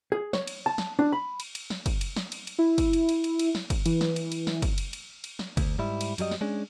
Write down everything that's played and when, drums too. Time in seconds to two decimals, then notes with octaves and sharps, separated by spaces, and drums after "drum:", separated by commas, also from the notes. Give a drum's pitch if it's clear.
0.12 G#4
0.33 C#5, drum: snare
0.47 drum: cymbal
0.66 A5
0.78 drum: snare
0.99 D4
1.12 B5
1.40 drum: cymbal
1.55 drum: cymbal
1.70 drum: snare
1.86 drum: kick, cymbal
2.01 drum: cymbal
2.16 drum: snare
2.32 drum: cymbal
2.47 drum: cymbal
2.59 E4
2.78 drum: kick, cymbal
2.93 drum: cymbal
3.09 drum: cymbal
3.24 drum: cymbal
3.39 drum: cymbal
3.55 drum: snare
3.70 drum: kick, cymbal
3.86 E3, drum: cymbal
4.01 drum: snare
4.16 drum: cymbal
4.32 drum: cymbal
4.47 drum: snare
4.62 drum: kick, cymbal
4.78 drum: cymbal
4.93 drum: cymbal
5.24 drum: cymbal
5.39 drum: snare
5.57 D2, drum: kick, cymbal
5.78 G#2 G3 E4
6.01 drum: cymbal
6.18 F#2 F#3 G3 D#5, drum: cymbal
6.31 drum: snare
6.41 G#3 C#4 D4 G#4